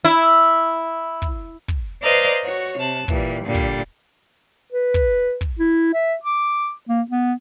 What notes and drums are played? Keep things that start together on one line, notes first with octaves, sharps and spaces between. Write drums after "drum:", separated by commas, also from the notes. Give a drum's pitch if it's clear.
E4
drum: kick
drum: kick
B4 C5 D5 D#5 F5 A#5
F#4 C#5
C3 A5 F#6
A#2 E3 G3, drum: kick
A#2 D3 G3
drum: kick
B4
drum: kick
drum: kick
E4
E5
D6
A#3
B3